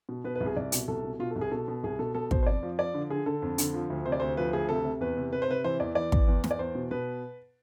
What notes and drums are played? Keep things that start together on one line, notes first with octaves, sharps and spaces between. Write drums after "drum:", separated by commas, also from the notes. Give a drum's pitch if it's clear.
B2
B2 B4
B4
C2
G#4
C2 D5
B2, drum: hi-hat
C2 A4
B2
B2 F4
A4
C2
G#4
B2 A4
B2
C2 G#4
B2 A4
B2 A4
B2 C5, drum: kick
C5
F2 D5
F3
F3 D5
D3
D3 G#4
D3 A4
F2
D3, drum: hi-hat
F3
D2
C3 C5
D5
D2 C5
F3 B4
D2 G#4
C3 A4
C3
E2 B4
C3
C3 B4
C5
C3 B4
E3 C5
E2 D5
E3 D5
E2, drum: kick
E2
E2, drum: snare
D5
E2 C5
B2
B2 B4